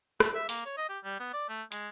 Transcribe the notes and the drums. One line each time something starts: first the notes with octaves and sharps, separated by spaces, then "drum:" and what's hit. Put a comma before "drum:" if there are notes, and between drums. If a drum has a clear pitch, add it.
A3, drum: rim click
E5
A#3, drum: open hi-hat
C#5
D#5
G4
G3
B3
D5
A3
G#3, drum: hi-hat